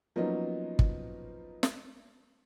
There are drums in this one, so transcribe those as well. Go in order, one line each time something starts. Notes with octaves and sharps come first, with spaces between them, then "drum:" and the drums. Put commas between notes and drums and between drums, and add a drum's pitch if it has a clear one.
F3 F#3 A#3 B3 C#4 D#4
drum: kick
drum: snare